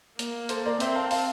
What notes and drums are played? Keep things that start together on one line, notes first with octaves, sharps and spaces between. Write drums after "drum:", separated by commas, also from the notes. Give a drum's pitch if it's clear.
A#3, drum: hi-hat
A4 C5, drum: hi-hat
A#4 D5
C4 C5 E5, drum: hi-hat
F5 A5
F5 A5, drum: open hi-hat